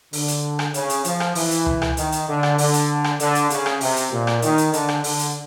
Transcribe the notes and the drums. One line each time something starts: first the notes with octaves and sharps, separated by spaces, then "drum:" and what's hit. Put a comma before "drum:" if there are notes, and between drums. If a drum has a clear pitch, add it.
D3, drum: open hi-hat
drum: hi-hat
drum: rim click
C#3, drum: hi-hat
drum: hi-hat
F3, drum: hi-hat
drum: rim click
E3, drum: open hi-hat
drum: hi-hat
drum: tom C#2
drum: rim click
D#3, drum: hi-hat
drum: hi-hat
D3
drum: rim click
D3, drum: open hi-hat
drum: hi-hat
drum: rim click
D3, drum: hi-hat
drum: hi-hat
C#3, drum: hi-hat
drum: rim click
C3, drum: open hi-hat
drum: hi-hat
A#2
drum: rim click
D#3, drum: hi-hat
drum: hi-hat
D3, drum: hi-hat
drum: rim click
D3, drum: open hi-hat
drum: hi-hat